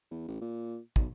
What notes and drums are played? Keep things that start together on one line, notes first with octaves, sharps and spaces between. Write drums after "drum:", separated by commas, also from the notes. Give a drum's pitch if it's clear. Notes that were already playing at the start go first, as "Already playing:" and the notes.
E2
A1
A#2
B1, drum: kick